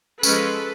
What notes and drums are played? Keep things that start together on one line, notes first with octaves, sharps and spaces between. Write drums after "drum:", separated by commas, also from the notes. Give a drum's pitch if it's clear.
F3 G#3 C#4 A4 B4, drum: tambourine